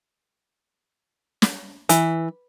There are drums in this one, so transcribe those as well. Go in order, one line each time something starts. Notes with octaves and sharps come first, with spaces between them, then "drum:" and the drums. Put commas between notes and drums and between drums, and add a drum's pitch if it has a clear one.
drum: snare
E3, drum: hi-hat